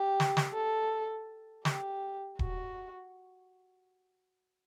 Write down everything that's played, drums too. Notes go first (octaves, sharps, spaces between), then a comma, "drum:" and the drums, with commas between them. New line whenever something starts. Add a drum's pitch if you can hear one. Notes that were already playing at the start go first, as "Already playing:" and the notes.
Already playing: G4
drum: snare
drum: snare
A4
G4, drum: snare
F#4, drum: kick D#1